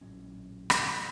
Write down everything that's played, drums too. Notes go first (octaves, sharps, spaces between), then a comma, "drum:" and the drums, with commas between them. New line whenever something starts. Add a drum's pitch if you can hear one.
A#1 A2 F#3 C#4
drum: rim click